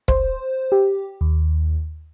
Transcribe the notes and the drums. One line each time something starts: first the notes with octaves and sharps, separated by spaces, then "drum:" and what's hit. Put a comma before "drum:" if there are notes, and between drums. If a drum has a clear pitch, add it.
C5, drum: kick
G4
D#2